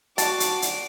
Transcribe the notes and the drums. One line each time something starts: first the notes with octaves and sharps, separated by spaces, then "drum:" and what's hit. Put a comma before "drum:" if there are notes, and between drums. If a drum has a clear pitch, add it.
F#4 D5 A5 D6, drum: hi-hat
drum: hi-hat
drum: hi-hat